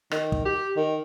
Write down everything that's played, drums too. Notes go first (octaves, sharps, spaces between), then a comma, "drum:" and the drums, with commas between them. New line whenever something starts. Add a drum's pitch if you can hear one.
D#3, drum: rim click
drum: kick
G4
D#3